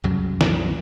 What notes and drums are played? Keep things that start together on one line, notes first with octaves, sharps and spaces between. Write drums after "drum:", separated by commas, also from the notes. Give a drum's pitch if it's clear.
C2 F#2 C#3 F#3
drum: snare